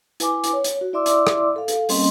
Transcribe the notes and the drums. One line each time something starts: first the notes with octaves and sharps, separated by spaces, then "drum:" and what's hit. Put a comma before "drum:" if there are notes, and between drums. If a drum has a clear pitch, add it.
E4 B4 G#5 D6, drum: hi-hat
drum: hi-hat
C#5
drum: hi-hat
F#4
E4 D5 E5 C6 D6 E6
drum: hi-hat
drum: rim click
A4 F5
drum: hi-hat
G3 A#3 C4 C#4 D#5 C6, drum: open hi-hat